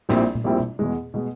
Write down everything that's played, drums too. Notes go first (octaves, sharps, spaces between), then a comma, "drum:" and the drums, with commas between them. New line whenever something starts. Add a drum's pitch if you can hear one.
A#1 A#2 G3 C4 E4, drum: snare
drum: tom A#2
A#1 A#2 G3 C4 E4
drum: tom B2
E2 B2 G#3
B2 G#3